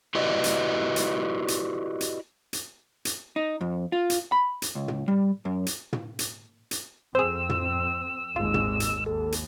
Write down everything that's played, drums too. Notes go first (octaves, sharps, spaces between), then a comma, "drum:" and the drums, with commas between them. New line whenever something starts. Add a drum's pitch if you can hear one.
E4 F#4 G4 B4 D5 D#5
drum: hi-hat
drum: hi-hat
drum: hi-hat
drum: hi-hat
drum: hi-hat
drum: hi-hat
D#4
F2
F4
drum: hi-hat
B5
drum: hi-hat
C#2
drum: tom
G3
F#2
drum: hi-hat
drum: tom
drum: hi-hat
drum: hi-hat
F2 C4 G#4 C5 E6
drum: tom
G#1 D#2 G#3 F4
drum: tom
drum: hi-hat
D#2 A4
drum: hi-hat